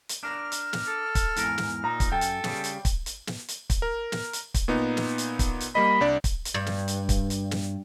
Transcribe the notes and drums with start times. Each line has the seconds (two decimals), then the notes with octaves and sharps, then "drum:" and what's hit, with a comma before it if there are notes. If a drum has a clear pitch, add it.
0.09 drum: hi-hat
0.23 D4 A#4 F6
0.52 drum: hi-hat
0.73 drum: snare
0.87 A4
1.15 drum: kick, hi-hat
1.36 E2 G#2 A#4, drum: hi-hat
1.58 drum: snare
1.84 A#2 D#4 A#5
2.00 drum: kick, hi-hat
2.12 F#2 A4 G5
2.21 drum: hi-hat
2.44 C#3 G3, drum: snare
2.64 drum: hi-hat
2.85 drum: kick, hi-hat
3.06 drum: hi-hat
3.27 drum: snare
3.48 drum: hi-hat
3.70 drum: kick, hi-hat
3.82 A#4
4.12 drum: snare
4.33 drum: hi-hat
4.54 drum: kick, hi-hat
4.68 A#2 B3 D#4
4.97 drum: snare
5.18 drum: hi-hat
5.39 drum: kick, hi-hat
5.60 drum: hi-hat
5.75 G3 A#3 D#5 B5
6.01 C2 D4 D5
6.24 drum: kick, hi-hat
6.45 drum: hi-hat
6.54 G2
6.66 drum: snare
6.88 drum: hi-hat
7.09 drum: kick, hi-hat
7.30 drum: hi-hat
7.51 drum: snare